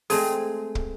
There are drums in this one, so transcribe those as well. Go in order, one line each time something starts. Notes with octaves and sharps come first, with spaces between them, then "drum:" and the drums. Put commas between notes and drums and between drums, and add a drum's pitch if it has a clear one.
G#3 A3 C4 G#4 A4 A5 C6, drum: open hi-hat
drum: kick